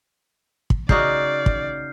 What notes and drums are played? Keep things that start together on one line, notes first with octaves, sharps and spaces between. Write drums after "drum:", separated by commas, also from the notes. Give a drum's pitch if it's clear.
drum: kick
C#3 D#4 F#4 D5 F6 G6 C7, drum: kick
drum: kick